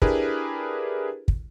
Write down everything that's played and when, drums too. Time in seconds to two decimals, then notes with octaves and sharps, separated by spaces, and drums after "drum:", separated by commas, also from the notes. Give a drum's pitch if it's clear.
0.02 D4 E4 G4 G#4 A#4 B4, drum: kick
1.28 drum: kick